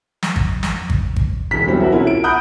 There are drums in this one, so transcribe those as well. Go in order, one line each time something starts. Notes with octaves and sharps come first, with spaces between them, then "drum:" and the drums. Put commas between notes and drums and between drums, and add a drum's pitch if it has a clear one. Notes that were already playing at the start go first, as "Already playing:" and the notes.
drum: snare
drum: kick G#1
drum: snare
drum: kick G#1
drum: kick G#1
E1 B6
E3 F#3 G3 B3 C4
F#4 A#4 E5
B2 C#4 E4 F4 A#4
D7
F#5 A#5 B5 D#6 F#6 G6